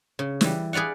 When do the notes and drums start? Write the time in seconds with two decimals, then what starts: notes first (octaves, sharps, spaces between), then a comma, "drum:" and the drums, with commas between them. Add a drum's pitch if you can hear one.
0.19 C#3
0.41 E3 G3, drum: snare
0.73 G#4 B4 D5 F5 F#5